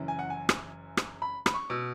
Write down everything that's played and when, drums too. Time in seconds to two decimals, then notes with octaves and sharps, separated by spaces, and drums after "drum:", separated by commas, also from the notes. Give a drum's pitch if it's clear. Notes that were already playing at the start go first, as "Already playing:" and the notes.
Already playing: F#1 F#2 E3
0.08 G#5
0.19 F#5
0.30 G#5
0.49 drum: rim click
0.97 drum: rim click
1.22 B5
1.46 B5, drum: rim click
1.54 C#6
1.70 B2 E6